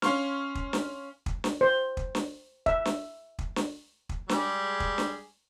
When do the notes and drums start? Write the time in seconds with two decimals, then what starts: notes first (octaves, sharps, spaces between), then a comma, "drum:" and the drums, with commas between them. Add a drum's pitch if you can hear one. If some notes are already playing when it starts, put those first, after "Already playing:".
0.02 C#4 F5 C6 C#6 F6, drum: snare
0.55 drum: kick
0.73 drum: snare
1.26 drum: kick
1.44 drum: snare
1.61 C5
1.97 drum: kick
2.15 drum: snare
2.66 E5, drum: kick
2.85 drum: snare
3.39 drum: kick
3.56 drum: snare
4.09 drum: kick
4.29 G3 G#3 G#4, drum: snare
4.80 drum: kick
4.98 drum: snare